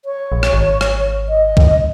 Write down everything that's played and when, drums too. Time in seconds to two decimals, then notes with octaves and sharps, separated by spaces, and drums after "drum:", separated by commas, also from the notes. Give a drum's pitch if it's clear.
0.05 C#5
0.32 A#1
0.43 drum: rim click
0.53 G#1
0.81 drum: rim click
1.29 D#5
1.57 drum: kick